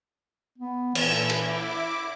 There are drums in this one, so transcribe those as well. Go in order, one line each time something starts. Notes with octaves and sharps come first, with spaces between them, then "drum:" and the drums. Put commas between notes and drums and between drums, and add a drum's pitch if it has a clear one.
B3
A#2 E3 E4 A4, drum: cymbal
E4 D6, drum: cymbal